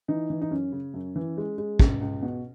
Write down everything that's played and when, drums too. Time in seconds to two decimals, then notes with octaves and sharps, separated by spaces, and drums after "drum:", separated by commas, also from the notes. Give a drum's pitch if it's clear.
0.08 E3 D#4
0.30 E3
0.41 D#4
0.51 F#2 C#4
0.72 C#3
0.94 F#2
1.16 E3
1.37 G#3
1.58 G#3
1.79 C#2, drum: kick
2.01 C#2
2.22 B2